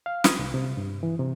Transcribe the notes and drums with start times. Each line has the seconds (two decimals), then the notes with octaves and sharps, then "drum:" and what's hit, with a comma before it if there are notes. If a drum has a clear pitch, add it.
0.06 F5
0.24 D#6, drum: snare
0.39 C2
0.54 C3
0.77 G2
1.03 E3
1.19 C3